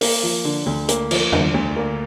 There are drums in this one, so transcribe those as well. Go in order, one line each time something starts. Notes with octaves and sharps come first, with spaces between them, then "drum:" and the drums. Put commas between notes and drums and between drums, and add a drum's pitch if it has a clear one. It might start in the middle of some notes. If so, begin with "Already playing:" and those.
A#3, drum: open hi-hat
F3
D3
D2
A#3, drum: hi-hat
F3, drum: cymbal
D3, drum: tom
D2
A#3